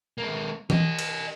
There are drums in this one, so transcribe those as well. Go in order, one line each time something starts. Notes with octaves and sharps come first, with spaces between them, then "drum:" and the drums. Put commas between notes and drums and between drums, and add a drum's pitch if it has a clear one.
G#3 A#3
G4 D#5, drum: tom E3
drum: cymbal